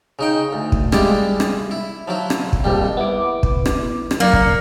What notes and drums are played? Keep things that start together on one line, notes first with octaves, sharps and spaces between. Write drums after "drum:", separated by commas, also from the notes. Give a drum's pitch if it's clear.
C#3 D#4 G5
D2
drum: kick
G3 G#3 E4 F4 D5, drum: rim click
drum: rim click
E4
F3 F#3 E4
drum: rim click
drum: kick
A#1 F2 G3
B3 E4 D6
drum: kick
drum: rim click
drum: rim click
F#2 A#3 D5 C#7
drum: kick